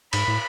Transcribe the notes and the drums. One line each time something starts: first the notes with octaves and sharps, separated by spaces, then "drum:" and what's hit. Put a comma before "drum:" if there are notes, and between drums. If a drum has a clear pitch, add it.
G#2 B5, drum: cymbal
A2